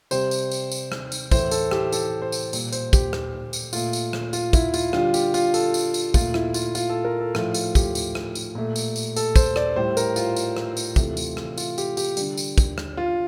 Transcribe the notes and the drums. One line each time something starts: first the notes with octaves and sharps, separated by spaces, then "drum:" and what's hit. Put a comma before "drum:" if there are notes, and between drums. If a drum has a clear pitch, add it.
C3 G3 C5, drum: tambourine
drum: tambourine
drum: tambourine
drum: tambourine
drum: rim click
drum: tambourine
A2 E3 A3 C5, drum: kick, tambourine
A4, drum: tambourine
G4, drum: rim click
A4, drum: tambourine
C5
drum: tambourine
A#2 G3, drum: tambourine
C5, drum: tambourine
G4, drum: kick, tambourine
G4, drum: rim click
drum: tambourine
A#2 A3 F4, drum: tambourine
drum: tambourine
drum: rim click
F4, drum: tambourine
E4, drum: kick, tambourine
F4, drum: tambourine
D3 G3 F4, drum: rim click
G4, drum: tambourine
F4, drum: tambourine
A4, drum: tambourine
drum: tambourine
drum: tambourine
A#2 A3 F4, drum: kick, tambourine
E4, drum: rim click
F4, drum: tambourine
F4, drum: tambourine
A4
A#4
A4
A2 F3 A3 F4, drum: rim click
F4, drum: tambourine
G4, drum: kick, tambourine
drum: tambourine
drum: rim click
drum: tambourine
A#2 A3
drum: tambourine
drum: tambourine
A4, drum: tambourine
C5, drum: kick, tambourine
D5, drum: rim click
A2 G3 C5
A#4, drum: tambourine
F4, drum: tambourine
drum: tambourine
drum: rim click
drum: tambourine
C3 E3 A3, drum: kick, tambourine
drum: tambourine
drum: rim click
F4, drum: tambourine
G4, drum: tambourine
G4, drum: tambourine
D3 G3, drum: tambourine
drum: tambourine
drum: kick, tambourine
drum: rim click
F4